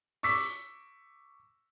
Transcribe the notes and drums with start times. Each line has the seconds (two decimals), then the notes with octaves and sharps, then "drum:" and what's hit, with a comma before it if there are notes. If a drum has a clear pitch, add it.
0.23 C#6 D6 E6 B6, drum: open hi-hat